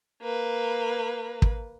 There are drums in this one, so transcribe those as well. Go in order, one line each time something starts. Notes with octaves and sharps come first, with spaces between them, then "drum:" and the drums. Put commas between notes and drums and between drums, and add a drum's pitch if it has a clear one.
A#3 B4
drum: kick